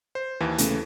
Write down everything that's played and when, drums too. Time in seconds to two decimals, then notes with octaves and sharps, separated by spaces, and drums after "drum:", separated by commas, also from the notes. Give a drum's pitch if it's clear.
0.15 C5
0.40 D#2 E3
0.58 C#3 A3, drum: hi-hat